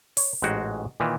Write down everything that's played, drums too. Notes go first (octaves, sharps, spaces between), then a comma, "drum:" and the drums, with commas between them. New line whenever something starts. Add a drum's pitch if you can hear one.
C#5, drum: open hi-hat
A1 G#2 G#3 F#4 G5
A#2 D#3 E3